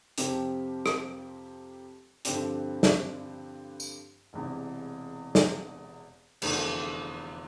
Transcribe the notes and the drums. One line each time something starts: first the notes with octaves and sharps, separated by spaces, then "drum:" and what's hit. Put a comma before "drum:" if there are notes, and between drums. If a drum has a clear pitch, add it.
F2 C3 F3 C4 G4, drum: hi-hat
drum: rim click
G2 D3 F3 C4 G4, drum: hi-hat
drum: snare
drum: tambourine
E1 E2 C3
drum: snare
F1 E2 D3 F3, drum: cymbal